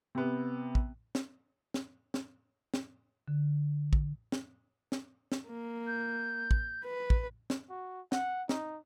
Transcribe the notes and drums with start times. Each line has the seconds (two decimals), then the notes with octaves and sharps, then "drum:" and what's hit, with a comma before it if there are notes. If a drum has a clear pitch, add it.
0.15 C3 B3
0.75 drum: kick
1.15 drum: snare
1.74 drum: snare
2.14 drum: snare
2.74 drum: snare
3.28 D3
3.93 drum: kick
4.32 drum: snare
4.92 drum: snare
5.32 drum: snare
5.47 A#3
5.87 G6
6.51 drum: kick
6.85 B4
7.10 drum: kick
7.50 drum: snare
7.70 F#4
8.12 F#5, drum: snare
8.49 D#4, drum: snare